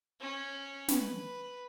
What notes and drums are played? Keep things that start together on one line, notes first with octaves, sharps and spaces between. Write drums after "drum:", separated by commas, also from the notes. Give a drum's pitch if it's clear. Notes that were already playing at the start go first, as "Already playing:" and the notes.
C#4
B4, drum: snare